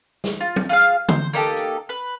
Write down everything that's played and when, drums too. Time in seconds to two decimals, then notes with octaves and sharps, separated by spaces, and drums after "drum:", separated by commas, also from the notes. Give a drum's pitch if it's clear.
0.24 drum: snare
0.41 F4
0.56 drum: tom
0.69 F4 G#4 F5
1.09 C5, drum: tom
1.33 A#3 D#4 G4 A4
1.57 drum: hi-hat
1.89 B4